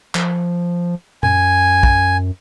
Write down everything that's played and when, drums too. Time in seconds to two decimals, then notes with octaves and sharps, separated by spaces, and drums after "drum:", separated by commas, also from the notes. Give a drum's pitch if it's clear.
0.15 F3, drum: clap
1.23 F#2 G#5, drum: tom
1.83 drum: kick A#1